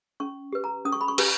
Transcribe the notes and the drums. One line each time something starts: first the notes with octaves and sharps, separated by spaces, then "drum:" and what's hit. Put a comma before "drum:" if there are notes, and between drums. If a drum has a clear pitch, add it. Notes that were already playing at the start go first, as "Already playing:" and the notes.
C#4 C#6
G4 B4
A#5
C#4 D#6
C#6
B5
C#6
G4 B4, drum: cymbal